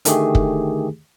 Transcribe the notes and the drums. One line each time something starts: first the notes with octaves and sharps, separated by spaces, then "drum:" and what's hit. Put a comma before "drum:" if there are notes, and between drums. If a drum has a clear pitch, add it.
D3 D#3 A3 G4 G#4, drum: hi-hat
drum: kick